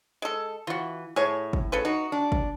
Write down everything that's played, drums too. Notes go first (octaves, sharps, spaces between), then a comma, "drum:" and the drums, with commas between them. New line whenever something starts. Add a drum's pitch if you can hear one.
G#3 A4
E3 F4 F#4
A2 G#4 C#5
drum: kick
C#3 A4 B4
D#4 F#4
D4
drum: kick